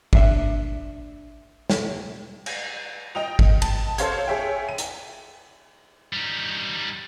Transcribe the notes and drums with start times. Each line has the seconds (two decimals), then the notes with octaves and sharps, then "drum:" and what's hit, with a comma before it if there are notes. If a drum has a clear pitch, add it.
0.13 D4 E5, drum: kick
1.70 drum: snare
2.46 drum: cymbal
3.15 D#5 G5 D#6 F7
3.39 drum: kick
3.62 A5, drum: cymbal
3.98 A4 C5 C#5 F5 C6 G#6, drum: hi-hat
4.27 G#4 C#5 E5 G5
4.69 D#7
4.78 drum: hi-hat
6.13 G3 D#4